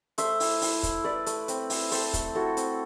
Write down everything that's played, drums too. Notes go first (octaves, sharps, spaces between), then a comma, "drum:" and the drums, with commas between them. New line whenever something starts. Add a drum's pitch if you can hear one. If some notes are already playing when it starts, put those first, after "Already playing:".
A3 C5 E5, drum: hi-hat
E4, drum: open hi-hat
E4, drum: open hi-hat
E4, drum: kick, hi-hat
E4 B4 D5
A3, drum: hi-hat
C4, drum: hi-hat
E4, drum: open hi-hat
C4 A4 C5, drum: open hi-hat
A3, drum: kick, hi-hat
E4 F#4 A4
C4, drum: hi-hat